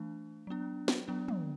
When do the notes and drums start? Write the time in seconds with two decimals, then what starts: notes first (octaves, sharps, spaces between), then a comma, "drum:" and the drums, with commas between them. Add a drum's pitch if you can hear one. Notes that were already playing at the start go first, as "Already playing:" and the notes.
Already playing: E3 A3 D4
0.47 F#3 B3 D4
0.88 drum: snare
1.08 F#3 B3 D4
1.28 drum: tom